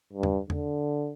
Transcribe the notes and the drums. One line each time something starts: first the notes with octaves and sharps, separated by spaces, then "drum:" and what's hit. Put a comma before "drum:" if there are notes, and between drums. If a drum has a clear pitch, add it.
G2
drum: tom E2
D3, drum: tom E2